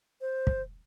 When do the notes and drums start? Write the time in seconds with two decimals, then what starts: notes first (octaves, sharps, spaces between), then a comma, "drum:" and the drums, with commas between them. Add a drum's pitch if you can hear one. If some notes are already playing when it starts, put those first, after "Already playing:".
0.21 C5
0.47 drum: kick